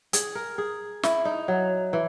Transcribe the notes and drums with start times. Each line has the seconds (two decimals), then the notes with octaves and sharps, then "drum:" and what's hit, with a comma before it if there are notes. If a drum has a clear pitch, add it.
0.13 G#4, drum: hi-hat
0.35 A#4
0.58 G#4
1.03 E4, drum: snare
1.25 D#4
1.48 F#3
1.93 E3